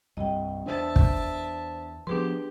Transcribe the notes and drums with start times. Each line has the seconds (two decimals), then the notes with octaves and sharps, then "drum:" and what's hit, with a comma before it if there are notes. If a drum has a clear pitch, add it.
0.17 C2 G2 D#5 G5
0.66 E2 D4 C5 E5 A5
0.96 drum: kick
2.07 F3 B3 D4 G4 G#4 B4 C6